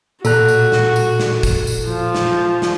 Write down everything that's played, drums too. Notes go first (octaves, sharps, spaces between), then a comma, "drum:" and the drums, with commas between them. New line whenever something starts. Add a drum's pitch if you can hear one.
A#2 F#4 A4 A#5 F#6, drum: tambourine
drum: tambourine
drum: snare
drum: tambourine
drum: snare
drum: kick, tambourine
drum: tambourine
F3
drum: snare
drum: snare